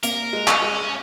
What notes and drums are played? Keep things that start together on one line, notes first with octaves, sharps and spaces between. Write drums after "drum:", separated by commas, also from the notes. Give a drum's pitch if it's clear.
A#3 A#4, drum: hi-hat
G#3
C#4, drum: clap
G#3